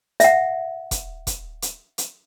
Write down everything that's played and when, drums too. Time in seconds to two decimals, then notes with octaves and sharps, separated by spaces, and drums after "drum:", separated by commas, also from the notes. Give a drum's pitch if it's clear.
0.20 E5 F#5, drum: hi-hat
0.91 drum: kick E1, hi-hat
1.27 drum: kick E1, hi-hat
1.62 drum: hi-hat
1.98 drum: hi-hat